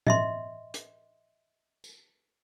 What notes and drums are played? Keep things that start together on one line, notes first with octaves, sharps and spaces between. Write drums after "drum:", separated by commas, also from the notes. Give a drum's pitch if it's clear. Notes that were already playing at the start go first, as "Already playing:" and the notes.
D#5 E5 C6, drum: tom A2
drum: hi-hat
drum: tambourine